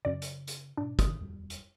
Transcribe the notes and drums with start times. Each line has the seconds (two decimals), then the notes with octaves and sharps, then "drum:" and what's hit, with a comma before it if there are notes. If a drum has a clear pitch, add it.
0.05 F#2 C#3 D5
0.22 drum: hi-hat
0.47 drum: hi-hat
0.77 G#2 B2 D4
0.99 D#3 D#6, drum: kick, hi-hat
1.19 D#1 F2 G3
1.50 drum: hi-hat